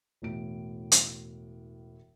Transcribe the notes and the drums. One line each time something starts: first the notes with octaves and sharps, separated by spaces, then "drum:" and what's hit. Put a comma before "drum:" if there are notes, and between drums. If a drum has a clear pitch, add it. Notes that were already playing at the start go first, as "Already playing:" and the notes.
E1 A2 D7
drum: hi-hat